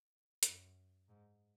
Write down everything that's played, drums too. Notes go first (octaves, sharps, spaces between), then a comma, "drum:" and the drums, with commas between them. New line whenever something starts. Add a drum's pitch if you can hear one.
F#2, drum: hi-hat
G#2